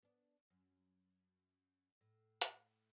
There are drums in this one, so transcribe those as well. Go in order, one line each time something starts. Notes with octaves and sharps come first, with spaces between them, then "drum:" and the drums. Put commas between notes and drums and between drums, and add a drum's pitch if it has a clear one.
B3 D4
F#2
A2
drum: hi-hat